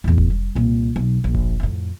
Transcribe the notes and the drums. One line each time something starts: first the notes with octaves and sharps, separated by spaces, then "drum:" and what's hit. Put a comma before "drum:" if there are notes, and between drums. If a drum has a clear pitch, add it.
E2 A2
drum: kick F1
G3
C2 A#2
B1
A#1
drum: kick F1
F2 A2